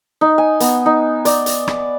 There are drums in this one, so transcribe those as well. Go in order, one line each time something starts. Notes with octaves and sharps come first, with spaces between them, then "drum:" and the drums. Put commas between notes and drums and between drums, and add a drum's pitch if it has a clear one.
D#4
G#5
B3, drum: hi-hat
D#4
D5, drum: hi-hat
drum: hi-hat
drum: rim click